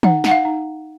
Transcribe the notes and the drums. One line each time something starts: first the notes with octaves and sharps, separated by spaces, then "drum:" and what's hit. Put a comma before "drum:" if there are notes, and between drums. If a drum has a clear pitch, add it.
D#4 F#5, drum: tom
D#4 F#5, drum: snare
F5
D#4